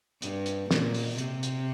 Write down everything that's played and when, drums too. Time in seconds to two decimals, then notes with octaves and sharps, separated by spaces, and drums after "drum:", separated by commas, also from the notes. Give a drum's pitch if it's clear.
0.22 G2, drum: hi-hat
0.46 drum: hi-hat
0.71 A#2, drum: snare
0.94 drum: open hi-hat
1.18 C3, drum: hi-hat
1.43 drum: hi-hat